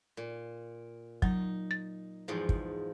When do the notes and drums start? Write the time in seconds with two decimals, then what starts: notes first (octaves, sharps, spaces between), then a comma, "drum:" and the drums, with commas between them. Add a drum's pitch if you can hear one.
0.17 A#2
1.22 F#3 D#4, drum: kick
1.71 A6
2.28 E2 G#2 F3
2.49 drum: kick